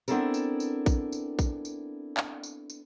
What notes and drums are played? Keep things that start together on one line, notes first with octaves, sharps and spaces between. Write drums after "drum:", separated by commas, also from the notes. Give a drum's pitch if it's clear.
B3 C4 D4 E4 A4 A#4, drum: tambourine
drum: tambourine
drum: tambourine
drum: kick A#1, tambourine
drum: tambourine
drum: kick A#1, tambourine
drum: tambourine
drum: clap
drum: tambourine
drum: tambourine